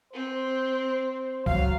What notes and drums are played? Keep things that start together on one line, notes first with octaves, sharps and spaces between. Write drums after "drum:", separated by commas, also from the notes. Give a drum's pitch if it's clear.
C4 C5
F#3 F5, drum: kick C2